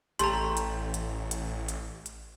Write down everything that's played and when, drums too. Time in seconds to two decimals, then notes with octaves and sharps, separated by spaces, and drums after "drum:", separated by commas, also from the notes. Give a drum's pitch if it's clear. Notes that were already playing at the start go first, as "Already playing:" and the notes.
0.19 A1 A3 G4 A#5 C6, drum: hi-hat
0.57 drum: hi-hat
0.94 drum: hi-hat
1.31 drum: hi-hat
1.68 drum: hi-hat
2.06 drum: hi-hat